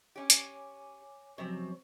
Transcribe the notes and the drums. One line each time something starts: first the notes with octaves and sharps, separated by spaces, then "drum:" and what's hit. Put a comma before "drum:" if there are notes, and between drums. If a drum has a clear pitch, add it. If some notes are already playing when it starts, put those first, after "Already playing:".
C#4 G4 C#5 G#5 D6
drum: hi-hat
C#2 C3 F3 F#3 C4 F#4